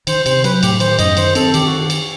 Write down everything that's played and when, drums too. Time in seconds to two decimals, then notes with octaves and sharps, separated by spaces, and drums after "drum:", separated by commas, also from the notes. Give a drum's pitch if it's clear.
0.07 D#3 C5, drum: cymbal
0.26 C3 C5, drum: cymbal
0.44 F#3 B4, drum: cymbal
0.63 A2 G4, drum: cymbal
0.80 D#3 C5, drum: cymbal
0.99 F#2 D#5, drum: cymbal
1.17 D#3 C5, drum: cymbal
1.35 C4 A4, drum: cymbal
1.54 D#3 G4, drum: cymbal
1.66 F#4
1.90 drum: cymbal